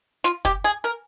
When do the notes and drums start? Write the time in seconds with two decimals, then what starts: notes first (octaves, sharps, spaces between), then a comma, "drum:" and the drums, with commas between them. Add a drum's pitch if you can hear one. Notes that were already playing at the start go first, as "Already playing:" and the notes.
0.24 F4, drum: snare
0.45 G4, drum: kick
0.64 G#4
0.84 A#4